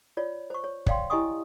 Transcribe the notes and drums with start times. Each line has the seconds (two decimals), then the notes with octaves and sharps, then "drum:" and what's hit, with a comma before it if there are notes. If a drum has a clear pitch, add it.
0.17 F4 C#5 D5
0.50 C5 C#6
0.64 C#5
0.86 C#5 D5 F5 G5 C6, drum: kick
1.10 E4 G4 D#5 G#5 C#6 D#6